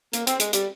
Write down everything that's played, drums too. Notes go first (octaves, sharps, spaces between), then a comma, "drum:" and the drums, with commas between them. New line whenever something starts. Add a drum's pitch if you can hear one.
A#3, drum: hi-hat
C4, drum: hi-hat
G#3, drum: hi-hat
G3, drum: hi-hat